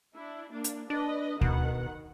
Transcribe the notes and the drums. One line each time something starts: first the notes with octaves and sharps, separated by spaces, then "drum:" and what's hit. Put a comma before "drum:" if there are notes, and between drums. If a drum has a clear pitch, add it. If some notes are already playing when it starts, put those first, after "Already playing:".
D4 E4
A#3 D4
drum: hi-hat
D4 B4 D#5
B2 D#3 F#5, drum: kick D2